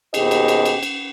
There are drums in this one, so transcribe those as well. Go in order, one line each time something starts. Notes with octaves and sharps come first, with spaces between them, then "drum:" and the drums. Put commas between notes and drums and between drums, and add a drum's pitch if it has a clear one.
D#2 B2 G4 G#4 C5 D#5, drum: cymbal
drum: cymbal
drum: cymbal
drum: cymbal
drum: cymbal